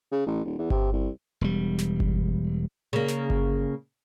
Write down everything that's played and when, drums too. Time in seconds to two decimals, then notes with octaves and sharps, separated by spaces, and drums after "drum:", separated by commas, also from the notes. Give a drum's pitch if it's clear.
0.12 C#3
0.26 A1
0.45 D#1
0.58 E2
0.70 C3, drum: kick G1
0.92 C2
1.41 E1 G3
1.78 drum: snare
2.00 drum: kick G1
2.93 C#3 A#3
3.08 drum: snare
3.30 drum: kick G1